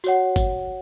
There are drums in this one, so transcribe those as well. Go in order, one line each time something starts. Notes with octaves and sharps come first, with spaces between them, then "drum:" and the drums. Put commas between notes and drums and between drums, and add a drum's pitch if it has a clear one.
F#4 C#5 F#5, drum: tambourine
drum: kick, tambourine